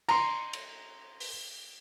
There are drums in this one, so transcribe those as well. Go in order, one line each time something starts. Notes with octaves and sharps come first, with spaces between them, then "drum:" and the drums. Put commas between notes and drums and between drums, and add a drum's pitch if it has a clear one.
A#5 C6, drum: cymbal
drum: cymbal
drum: open hi-hat